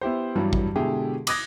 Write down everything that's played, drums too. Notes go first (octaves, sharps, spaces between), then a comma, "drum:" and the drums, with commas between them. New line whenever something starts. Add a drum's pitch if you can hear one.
B3 E4 G4 C5
G2 E3 F#3 G3
drum: kick
B2 D3 G#3 E4 G4 G#4
D6 D#6 F#6 G#6 A#6, drum: cymbal